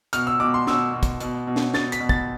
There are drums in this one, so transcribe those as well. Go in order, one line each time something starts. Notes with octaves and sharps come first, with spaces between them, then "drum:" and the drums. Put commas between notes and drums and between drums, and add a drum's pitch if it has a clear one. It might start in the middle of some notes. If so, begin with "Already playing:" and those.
B2 F6, drum: hi-hat
E6
B2 D6
C6
B2 E6, drum: snare
B2
drum: kick, hi-hat
B2, drum: hi-hat
B2
drum: snare
B2 A6, drum: snare
B6, drum: hi-hat
B2
A6, drum: kick